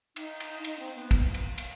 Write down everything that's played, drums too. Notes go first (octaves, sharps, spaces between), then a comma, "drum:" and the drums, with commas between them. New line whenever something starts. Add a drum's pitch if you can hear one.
D#4, drum: cymbal
drum: cymbal
D#4, drum: cymbal
C4
B3
drum: kick, cymbal
drum: cymbal
drum: cymbal